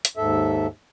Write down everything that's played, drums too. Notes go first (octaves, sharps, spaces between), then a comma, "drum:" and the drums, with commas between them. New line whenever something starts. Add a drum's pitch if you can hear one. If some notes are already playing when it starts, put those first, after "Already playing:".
drum: hi-hat
D#2 G#2 A4 E5